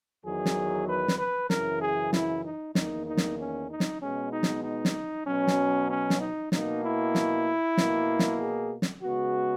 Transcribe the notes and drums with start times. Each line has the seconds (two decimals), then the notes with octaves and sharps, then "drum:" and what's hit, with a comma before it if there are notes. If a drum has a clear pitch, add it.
0.24 E2 D#3 F#3 G#4
0.46 drum: snare
0.88 B4
1.08 drum: snare
1.19 B4
1.50 F#2 C#3 E3 A#4, drum: snare
1.81 G#4
2.13 E4, drum: snare
2.44 D#4
2.75 E2 D#3 A#3 D#4, drum: snare
3.07 D#4
3.17 drum: snare
3.38 C#4
3.70 D#4
3.80 drum: snare
4.01 B2 G#3 B3 C#4
4.33 D#4
4.43 drum: snare
4.63 D#4
4.85 drum: snare
5.26 B2 F#3 B3 C#4
5.47 drum: snare
5.89 C#4
6.10 drum: snare
6.21 D#4
6.52 B2 A#3 D#4, drum: snare
6.84 E4
7.15 drum: snare
7.77 B2 A#3, drum: snare
8.19 drum: snare
8.40 G#4
8.82 drum: snare
9.03 C#3 G#3 B3 F#4